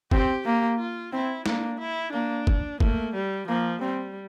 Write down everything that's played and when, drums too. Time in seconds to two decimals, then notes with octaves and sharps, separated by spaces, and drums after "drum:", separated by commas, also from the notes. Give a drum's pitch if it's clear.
0.11 C4 G4, drum: kick
0.45 A#3 G4
0.79 F4
1.13 C4 E4
1.46 A#3 D4, drum: snare
1.80 E4
2.13 A#3 D4
2.47 drum: kick
2.80 A3 A#3, drum: kick
3.14 G3
3.47 F3 A#3
3.81 G3 C4